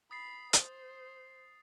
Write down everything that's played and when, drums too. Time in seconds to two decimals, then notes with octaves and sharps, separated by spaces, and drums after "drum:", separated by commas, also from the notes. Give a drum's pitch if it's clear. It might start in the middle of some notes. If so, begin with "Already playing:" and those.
0.11 B5 D#6 A6 C7
0.53 C5, drum: hi-hat